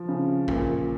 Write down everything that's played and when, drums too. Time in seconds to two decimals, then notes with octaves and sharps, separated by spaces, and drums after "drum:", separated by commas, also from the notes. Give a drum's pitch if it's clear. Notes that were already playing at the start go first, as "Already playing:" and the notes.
Already playing: F3
0.08 C#3
0.48 A#2, drum: kick